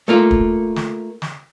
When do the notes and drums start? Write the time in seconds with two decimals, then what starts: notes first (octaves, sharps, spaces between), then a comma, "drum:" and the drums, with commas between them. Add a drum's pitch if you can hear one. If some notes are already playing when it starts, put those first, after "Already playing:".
0.08 A3 A#3 F4
0.31 drum: kick
0.76 drum: snare
1.22 drum: snare